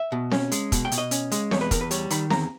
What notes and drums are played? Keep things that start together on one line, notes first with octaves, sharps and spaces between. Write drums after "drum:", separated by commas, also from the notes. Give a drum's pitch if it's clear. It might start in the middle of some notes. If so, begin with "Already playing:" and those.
Already playing: E5
B2
C#4, drum: snare C4
G#3, drum: hi-hat
B2, drum: kick, hi-hat
G5
B2, drum: hi-hat
D#5
C#4, drum: hi-hat
G#3, drum: hi-hat
E2 C#5, drum: snare C4
B4
E2 A#4, drum: kick, hi-hat
B4
G3 C#5, drum: hi-hat
D#3 B5, drum: hi-hat
E2 A#5, drum: snare C4